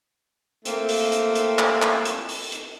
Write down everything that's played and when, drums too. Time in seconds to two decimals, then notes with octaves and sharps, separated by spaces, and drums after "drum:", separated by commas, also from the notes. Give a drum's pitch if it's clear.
0.65 A3 A#3 C4, drum: hi-hat
0.89 drum: open hi-hat
1.12 drum: hi-hat
1.35 drum: hi-hat
1.59 drum: clap
1.82 drum: clap
2.05 drum: hi-hat
2.29 drum: open hi-hat
2.52 drum: hi-hat